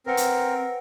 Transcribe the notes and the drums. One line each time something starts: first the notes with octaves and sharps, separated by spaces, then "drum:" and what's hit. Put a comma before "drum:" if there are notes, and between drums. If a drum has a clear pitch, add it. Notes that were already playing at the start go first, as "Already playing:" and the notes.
C4 A#4 B4 F#5 C#7
drum: hi-hat